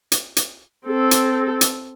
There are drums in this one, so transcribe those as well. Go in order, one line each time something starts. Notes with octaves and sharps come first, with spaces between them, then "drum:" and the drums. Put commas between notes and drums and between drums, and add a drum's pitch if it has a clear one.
drum: hi-hat
drum: hi-hat
C4 A4
drum: hi-hat
drum: hi-hat